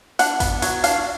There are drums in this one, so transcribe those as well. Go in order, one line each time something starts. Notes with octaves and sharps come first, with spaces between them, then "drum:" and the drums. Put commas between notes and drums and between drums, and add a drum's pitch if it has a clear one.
D4 F#5, drum: hi-hat
B3, drum: kick G#1, hi-hat
F#3, drum: hi-hat
D4 F5, drum: hi-hat